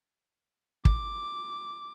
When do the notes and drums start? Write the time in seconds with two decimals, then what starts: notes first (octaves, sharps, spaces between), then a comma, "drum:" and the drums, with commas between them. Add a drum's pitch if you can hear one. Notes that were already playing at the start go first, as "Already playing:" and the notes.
0.85 D6, drum: kick